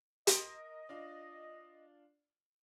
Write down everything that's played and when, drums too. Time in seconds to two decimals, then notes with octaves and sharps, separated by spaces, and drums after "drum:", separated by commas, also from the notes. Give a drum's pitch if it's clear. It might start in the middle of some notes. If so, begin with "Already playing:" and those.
0.27 A#4 D#5, drum: hi-hat
0.89 D4 F4 D5